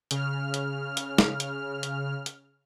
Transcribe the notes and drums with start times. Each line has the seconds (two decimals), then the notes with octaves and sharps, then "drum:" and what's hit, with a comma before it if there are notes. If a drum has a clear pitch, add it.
0.11 C#3 F6, drum: hi-hat
0.54 drum: hi-hat
0.97 drum: hi-hat
1.18 drum: snare
1.40 drum: hi-hat
1.83 drum: hi-hat
2.26 drum: hi-hat